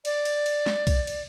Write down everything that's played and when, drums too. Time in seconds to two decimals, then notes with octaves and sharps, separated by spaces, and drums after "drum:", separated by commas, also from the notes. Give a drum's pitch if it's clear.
0.05 D5, drum: cymbal
0.25 drum: cymbal
0.46 drum: cymbal
0.66 drum: snare
0.87 drum: kick B1, cymbal
1.07 drum: cymbal